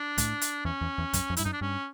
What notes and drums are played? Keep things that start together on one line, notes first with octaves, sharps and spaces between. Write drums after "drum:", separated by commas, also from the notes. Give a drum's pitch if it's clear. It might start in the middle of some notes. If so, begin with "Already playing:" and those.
Already playing: D4
A2, drum: kick, hi-hat
drum: hi-hat
E2 C#4
E2
E2
F#2, drum: kick, hi-hat
F2
G2 E4, drum: hi-hat
F#2 D#4
D4
G2 C#4